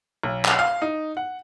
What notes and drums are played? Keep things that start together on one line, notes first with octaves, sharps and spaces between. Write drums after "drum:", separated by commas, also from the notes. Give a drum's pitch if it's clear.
B1
drum: clap
F5
D#4
F#5